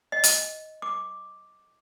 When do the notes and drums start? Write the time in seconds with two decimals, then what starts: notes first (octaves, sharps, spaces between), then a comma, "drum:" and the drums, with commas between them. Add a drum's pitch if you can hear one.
0.12 D#5
0.24 drum: hi-hat
0.82 D6